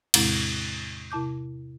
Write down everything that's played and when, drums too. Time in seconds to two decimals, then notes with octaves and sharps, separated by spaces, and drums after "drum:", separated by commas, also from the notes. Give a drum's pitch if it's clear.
0.14 E2 A2 C3 G#3 C4 E4, drum: cymbal
1.11 C3 E4 A5 D6 G6